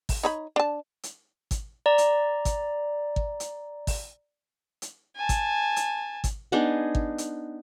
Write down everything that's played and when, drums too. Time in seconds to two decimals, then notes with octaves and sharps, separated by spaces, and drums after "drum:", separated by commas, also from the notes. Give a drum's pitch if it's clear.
0.09 drum: kick, open hi-hat
0.23 D#4 C#5 B5
0.56 D4 A5
1.03 drum: hi-hat
1.51 drum: kick, hi-hat
1.86 D5 A#5
1.98 drum: hi-hat
2.45 drum: kick, hi-hat
3.16 drum: kick
3.40 drum: hi-hat
3.87 drum: kick, open hi-hat
4.82 drum: hi-hat
5.16 G#5 A5
5.29 drum: kick, hi-hat
5.76 drum: hi-hat
6.24 drum: kick, hi-hat
6.52 B3 D4 D#4 G#4
6.95 drum: kick
7.18 drum: hi-hat